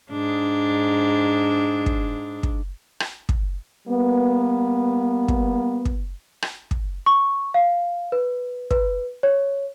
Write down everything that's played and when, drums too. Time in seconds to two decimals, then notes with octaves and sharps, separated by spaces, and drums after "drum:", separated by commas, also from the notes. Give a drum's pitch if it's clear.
0.11 G#2 D4
1.86 drum: kick
2.43 drum: kick
3.00 drum: rim click
3.29 drum: kick
3.88 G3 A#3 B3
5.28 drum: kick
5.85 drum: kick
6.42 drum: rim click
6.71 drum: kick
7.06 C#6
7.54 F5
8.12 B4
8.71 B4, drum: kick
9.23 C#5